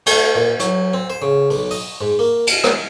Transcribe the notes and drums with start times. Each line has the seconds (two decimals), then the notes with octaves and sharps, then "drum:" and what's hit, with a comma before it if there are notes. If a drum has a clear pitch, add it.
0.06 A3, drum: cymbal
0.35 A#2
0.60 F#3, drum: hi-hat
0.93 C4
1.10 C5
1.22 C#3
1.51 B1, drum: open hi-hat
1.71 D#5, drum: open hi-hat
2.01 G#2
2.19 A#3
2.47 A5, drum: cymbal
2.64 drum: rim click